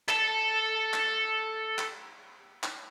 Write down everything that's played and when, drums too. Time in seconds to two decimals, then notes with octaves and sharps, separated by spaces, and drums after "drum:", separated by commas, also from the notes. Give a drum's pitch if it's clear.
0.09 A4 A5, drum: clap
0.93 drum: clap
1.78 drum: clap
2.63 drum: clap